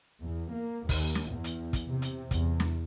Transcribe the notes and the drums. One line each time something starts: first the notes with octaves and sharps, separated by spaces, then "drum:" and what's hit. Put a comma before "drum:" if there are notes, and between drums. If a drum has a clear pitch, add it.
E2
A#3
D#2, drum: kick, open hi-hat
drum: snare
E2
drum: hi-hat
drum: kick, hi-hat
C3
drum: hi-hat
E2, drum: kick, hi-hat
drum: snare